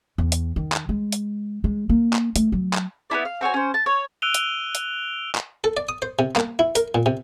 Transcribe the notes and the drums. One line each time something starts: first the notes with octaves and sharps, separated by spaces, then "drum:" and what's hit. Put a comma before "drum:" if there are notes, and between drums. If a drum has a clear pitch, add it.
E2
drum: hi-hat
D#3
drum: clap
G#3
drum: hi-hat
G#3
A#3
drum: clap
A3, drum: hi-hat
F#3
drum: clap
B3 C#4 E4 D5
F5
C4 F#4 C#5 G#5
C#4 C5
A5
C#5
E6 F#6 D7 D#7 F7 G7
drum: hi-hat
drum: hi-hat
drum: clap
A4
D5
D#6
C5
C3
A#3, drum: clap
E4
A#4, drum: hi-hat
A#2
C3